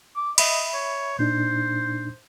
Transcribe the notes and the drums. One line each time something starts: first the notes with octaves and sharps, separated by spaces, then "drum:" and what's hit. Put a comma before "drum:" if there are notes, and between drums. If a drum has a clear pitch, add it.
D6
D#5 E5 B5, drum: cymbal
C#5
A#2 D4 D#4 C5